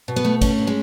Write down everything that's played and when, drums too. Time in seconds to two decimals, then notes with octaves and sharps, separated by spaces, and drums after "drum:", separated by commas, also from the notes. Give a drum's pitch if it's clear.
0.08 B2
0.16 B3 B4
0.25 A3
0.41 C#4, drum: kick, cymbal
0.59 B2
0.67 G#3